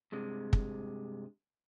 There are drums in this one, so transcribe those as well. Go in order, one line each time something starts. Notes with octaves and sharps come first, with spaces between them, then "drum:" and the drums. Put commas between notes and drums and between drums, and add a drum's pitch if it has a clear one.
G2 C3 G#3
drum: kick